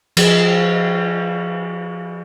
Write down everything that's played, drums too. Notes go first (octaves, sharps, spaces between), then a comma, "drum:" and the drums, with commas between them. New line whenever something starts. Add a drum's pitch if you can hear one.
F3 G#4, drum: cymbal